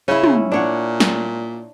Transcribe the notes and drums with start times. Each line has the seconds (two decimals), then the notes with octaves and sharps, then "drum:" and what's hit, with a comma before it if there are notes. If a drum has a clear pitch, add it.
0.08 C#3 C#4 E4
0.24 drum: tom
0.52 A#2 D4 C#5 F#5
1.00 drum: snare